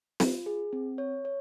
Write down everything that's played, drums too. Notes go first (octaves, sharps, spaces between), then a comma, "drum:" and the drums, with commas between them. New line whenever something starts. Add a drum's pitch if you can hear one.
F4, drum: snare
G#4
C4
C#5
C#5